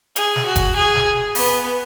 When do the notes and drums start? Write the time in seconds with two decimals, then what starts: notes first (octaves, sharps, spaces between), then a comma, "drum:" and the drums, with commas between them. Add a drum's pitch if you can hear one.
0.16 G#4, drum: hi-hat
0.36 drum: snare
0.45 F#4
0.56 drum: kick F#1, hi-hat
0.76 G#4
0.95 drum: snare
1.35 B3, drum: open hi-hat